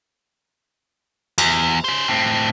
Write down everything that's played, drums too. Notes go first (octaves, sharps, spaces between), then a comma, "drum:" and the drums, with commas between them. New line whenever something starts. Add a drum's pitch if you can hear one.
E2, drum: cymbal
C#4 C5
A2 C4